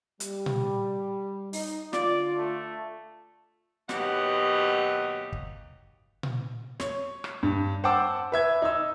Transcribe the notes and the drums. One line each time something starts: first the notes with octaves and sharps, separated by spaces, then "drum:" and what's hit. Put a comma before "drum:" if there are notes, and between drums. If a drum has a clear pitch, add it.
G3, drum: hi-hat
drum: tom A#2
D#4, drum: open hi-hat
D3 F4 D5, drum: snare
A3
D#2 B2 F#3 D#4 G4 F#5, drum: snare
drum: kick
drum: tom A#2
C#5, drum: snare
drum: rim click
G2
C5 F#5 G5 A5 D6 E6
B4 E5 G#6
D#4 E6